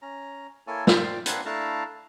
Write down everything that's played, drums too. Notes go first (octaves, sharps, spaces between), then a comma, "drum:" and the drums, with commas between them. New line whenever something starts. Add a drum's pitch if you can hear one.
C#4 A#5
A#3 E4 A4 C#5 G#5
C5 D5 F5 G5, drum: snare
A#3 C4 D4 B4 F#5 C6, drum: hi-hat
A3 D4 E4 F5 A5 A#5